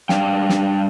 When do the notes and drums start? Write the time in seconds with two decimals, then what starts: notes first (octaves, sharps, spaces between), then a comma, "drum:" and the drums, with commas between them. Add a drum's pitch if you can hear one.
0.09 G3 D4 F5 G5, drum: snare
0.49 drum: snare